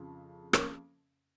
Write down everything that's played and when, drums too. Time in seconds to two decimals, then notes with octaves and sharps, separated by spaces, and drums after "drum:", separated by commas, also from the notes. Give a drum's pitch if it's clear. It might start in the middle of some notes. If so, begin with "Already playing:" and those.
Already playing: F2 C#3 F3
0.53 A#3 C#4, drum: rim click